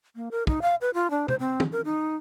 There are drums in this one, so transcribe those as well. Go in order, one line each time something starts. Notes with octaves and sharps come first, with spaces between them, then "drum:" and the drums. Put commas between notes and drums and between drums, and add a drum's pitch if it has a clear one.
A#3
A#4
D#4, drum: kick
F5
B4
F4
D4
C5, drum: tom C3
C4
drum: tom
A#4
D#4